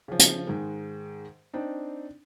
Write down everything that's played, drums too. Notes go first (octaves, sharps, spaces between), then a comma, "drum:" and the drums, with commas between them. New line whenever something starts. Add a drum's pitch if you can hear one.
C#3 F3
drum: hi-hat
G#2 D#3 G#3
C4 D4 D#4